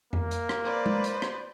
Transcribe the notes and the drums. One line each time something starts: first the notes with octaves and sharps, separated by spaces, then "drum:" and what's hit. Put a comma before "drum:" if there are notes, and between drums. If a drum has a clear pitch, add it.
A#3, drum: tom F2
drum: hi-hat
drum: rim click
B4 C5 D5
drum: tom G#3
drum: hi-hat
drum: rim click